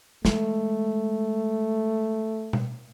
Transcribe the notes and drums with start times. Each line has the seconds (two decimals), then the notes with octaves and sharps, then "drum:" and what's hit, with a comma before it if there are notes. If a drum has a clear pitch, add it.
0.25 E3 G#3 A3, drum: snare
2.53 drum: tom B2